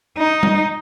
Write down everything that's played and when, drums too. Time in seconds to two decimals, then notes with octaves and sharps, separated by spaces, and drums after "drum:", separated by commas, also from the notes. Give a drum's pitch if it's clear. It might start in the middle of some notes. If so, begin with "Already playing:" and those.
0.18 D#4
0.43 drum: tom G3